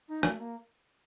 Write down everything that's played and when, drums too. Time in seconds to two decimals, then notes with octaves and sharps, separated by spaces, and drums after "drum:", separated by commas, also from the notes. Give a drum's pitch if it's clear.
0.08 D#4
0.23 A3, drum: rim click
0.39 A#3